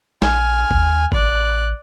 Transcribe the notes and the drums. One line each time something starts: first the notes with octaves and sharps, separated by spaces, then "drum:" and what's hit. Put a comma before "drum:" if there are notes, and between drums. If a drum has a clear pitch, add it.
A#1 G#5 F6, drum: snare
D#2, drum: kick
A1 D5 F#6, drum: kick